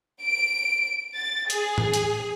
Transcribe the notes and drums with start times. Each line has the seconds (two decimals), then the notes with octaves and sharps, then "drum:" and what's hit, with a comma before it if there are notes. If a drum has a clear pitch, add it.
0.22 D7
1.14 A6
1.50 G#4, drum: hi-hat
1.78 drum: tom A2
1.94 drum: hi-hat